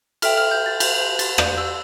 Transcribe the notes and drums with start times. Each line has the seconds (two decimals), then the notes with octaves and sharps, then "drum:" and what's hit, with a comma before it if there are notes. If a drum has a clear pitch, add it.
0.22 A4 E5 G5 F6, drum: cymbal
0.38 F6
0.51 G6
0.66 A6
0.80 G6, drum: cymbal
1.00 G6
1.19 A6, drum: cymbal
1.38 B4 D5 F5 G6, drum: rim click
1.57 E6